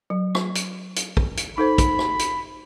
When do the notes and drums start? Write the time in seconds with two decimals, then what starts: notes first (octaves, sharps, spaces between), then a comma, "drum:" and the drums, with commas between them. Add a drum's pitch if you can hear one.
0.10 F#3
0.35 drum: rim click
0.55 drum: hi-hat
0.96 drum: hi-hat
1.17 drum: kick
1.37 drum: hi-hat
1.58 D#4 A4 C5 B5
1.78 drum: kick, hi-hat
1.99 drum: rim click
2.19 drum: hi-hat